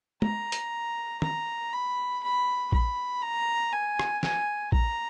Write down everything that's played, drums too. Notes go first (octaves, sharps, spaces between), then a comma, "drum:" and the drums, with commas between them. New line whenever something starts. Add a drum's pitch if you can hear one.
A#5, drum: tom
drum: hi-hat
A#5, drum: tom
B5
B5
B5, drum: kick
A#5
G#5
drum: rim click
G#5, drum: snare
A#5, drum: kick